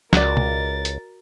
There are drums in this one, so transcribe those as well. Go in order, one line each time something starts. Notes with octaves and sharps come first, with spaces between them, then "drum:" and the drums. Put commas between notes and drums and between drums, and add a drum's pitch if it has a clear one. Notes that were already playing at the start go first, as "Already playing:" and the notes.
C#2 F#4 A#4 D5 A6, drum: snare
drum: tom
drum: hi-hat